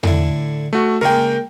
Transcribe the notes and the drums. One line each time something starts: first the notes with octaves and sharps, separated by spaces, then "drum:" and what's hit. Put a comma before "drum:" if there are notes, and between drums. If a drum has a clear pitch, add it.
A2 D3 E4, drum: tom E2
A3 F#4
C#3 G#3 A#3 A#4 G5